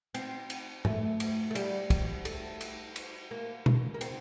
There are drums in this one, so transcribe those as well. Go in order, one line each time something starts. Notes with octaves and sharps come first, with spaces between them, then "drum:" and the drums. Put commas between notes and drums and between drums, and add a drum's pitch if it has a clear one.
C4, drum: cymbal
drum: cymbal
A3, drum: tom G#2
drum: cymbal
A3
G3, drum: cymbal
drum: kick, cymbal
A3, drum: cymbal
drum: cymbal
drum: cymbal
A#3
drum: tom B2
A#3
C4, drum: cymbal